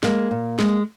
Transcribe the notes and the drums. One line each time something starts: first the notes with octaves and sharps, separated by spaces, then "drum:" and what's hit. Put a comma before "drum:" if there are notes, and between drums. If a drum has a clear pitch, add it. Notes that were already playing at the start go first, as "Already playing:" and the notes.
G#3 A#3, drum: snare
A#2
G#3, drum: snare